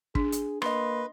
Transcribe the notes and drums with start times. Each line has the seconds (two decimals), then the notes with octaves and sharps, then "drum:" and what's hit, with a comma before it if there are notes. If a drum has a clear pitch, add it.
0.15 D4 G#4, drum: kick
0.32 drum: hi-hat
0.62 A#3 B4 D#5 C6, drum: rim click